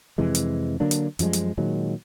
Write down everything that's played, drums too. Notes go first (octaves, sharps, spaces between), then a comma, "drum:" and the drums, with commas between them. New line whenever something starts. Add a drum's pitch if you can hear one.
F2 C3 E3 G#3
drum: hi-hat
D3 F#3 A#3 D4
drum: hi-hat
F#2 F3 G3 G#3, drum: hi-hat
drum: hi-hat
A#2 D#3 F#3 G#3